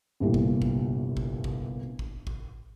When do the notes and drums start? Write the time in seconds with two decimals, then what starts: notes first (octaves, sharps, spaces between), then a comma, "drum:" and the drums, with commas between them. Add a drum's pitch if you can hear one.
0.20 G1 C2 A#2
0.34 drum: kick
0.62 drum: kick
1.17 drum: kick
1.44 drum: kick
1.99 drum: kick
2.27 drum: kick